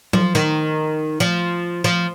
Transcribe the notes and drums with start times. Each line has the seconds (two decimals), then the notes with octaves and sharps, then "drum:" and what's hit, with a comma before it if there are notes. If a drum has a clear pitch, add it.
0.13 F3, drum: tom F#3
0.35 D#3
1.20 F3
1.84 F3